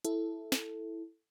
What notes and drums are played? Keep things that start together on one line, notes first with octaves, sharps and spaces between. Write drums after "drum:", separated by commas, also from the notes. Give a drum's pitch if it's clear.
E4 A4, drum: hi-hat
drum: snare